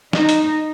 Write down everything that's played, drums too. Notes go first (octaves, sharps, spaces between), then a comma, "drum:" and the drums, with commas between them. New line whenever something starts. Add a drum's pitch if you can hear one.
D#4, drum: snare
drum: hi-hat